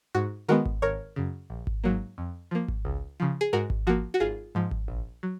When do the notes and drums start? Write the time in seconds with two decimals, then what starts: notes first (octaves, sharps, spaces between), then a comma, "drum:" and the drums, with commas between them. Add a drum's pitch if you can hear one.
0.15 G#2 F#4
0.48 D#3 G#3 B3 F#4 A#4
0.65 drum: kick G#1
0.82 G#1 A#4 C#5
1.16 F#2 C#3
1.50 A#1
1.67 drum: kick G#1
1.84 G#2 F#3 A#3
2.18 F2
2.51 F3 A#3
2.68 drum: kick G#1
2.85 C#2
3.20 C#3 F3
3.41 G#4
3.53 G#2 F#4 A#4
3.70 drum: kick G#1
3.87 F3 A#3 F#4
4.14 F#4
4.20 G#1 F4 G#4
4.55 G#2 F3
4.71 drum: kick G#1
4.88 A#1
5.23 F#3